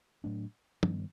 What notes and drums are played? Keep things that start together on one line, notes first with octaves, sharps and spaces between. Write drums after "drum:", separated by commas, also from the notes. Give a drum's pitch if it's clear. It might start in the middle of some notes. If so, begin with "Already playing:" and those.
A2 F#3 A3 D4
G2 D#3 G3 B3, drum: tom